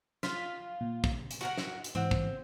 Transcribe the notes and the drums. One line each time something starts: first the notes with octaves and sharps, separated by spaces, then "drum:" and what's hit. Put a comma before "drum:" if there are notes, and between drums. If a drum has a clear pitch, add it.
F4 F6 B6, drum: snare
A#2
drum: kick
drum: hi-hat
F#4 A#4 F#5
drum: snare
drum: hi-hat
G#2 E3 C4 F#5
drum: kick